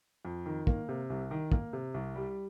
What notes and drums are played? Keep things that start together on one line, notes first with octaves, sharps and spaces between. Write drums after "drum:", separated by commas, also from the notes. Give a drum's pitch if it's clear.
F2
D#3
A#3, drum: kick
C3
C2
D#3
A#3, drum: kick
C3
C2
G3